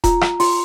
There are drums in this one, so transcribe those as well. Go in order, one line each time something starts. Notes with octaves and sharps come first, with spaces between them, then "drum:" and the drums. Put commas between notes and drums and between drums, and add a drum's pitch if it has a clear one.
F4 A#5, drum: kick E1, hi-hat
F4, drum: rim click
F4 C6, drum: open hi-hat